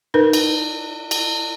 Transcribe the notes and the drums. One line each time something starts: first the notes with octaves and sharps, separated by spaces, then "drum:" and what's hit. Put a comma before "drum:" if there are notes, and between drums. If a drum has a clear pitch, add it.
D#4 A#4 B4
drum: cymbal
drum: cymbal